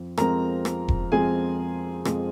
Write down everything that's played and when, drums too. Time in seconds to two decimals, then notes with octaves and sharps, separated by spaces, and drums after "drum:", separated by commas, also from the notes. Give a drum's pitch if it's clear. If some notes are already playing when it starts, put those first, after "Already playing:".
Already playing: F2 F3 C4
0.17 F2 F3 G#3 C4 A#4 A#5, drum: rim click
0.65 drum: rim click
0.88 drum: kick E1
1.12 F2 F3 G#3 C4 G#4 G#5
2.05 F2 F3 G#3 C4, drum: rim click